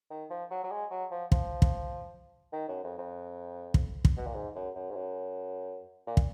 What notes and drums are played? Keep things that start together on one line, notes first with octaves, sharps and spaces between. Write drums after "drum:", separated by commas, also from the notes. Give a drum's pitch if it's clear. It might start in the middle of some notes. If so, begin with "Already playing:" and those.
D#3
F3
F#3
F#3
G#3
F#3
F3
F3, drum: kick
drum: kick
D#3
F#2
F2
F2
drum: kick
drum: kick
B2
A#2
G#2
F#2
F#2
G#2
F#2
A#2
drum: kick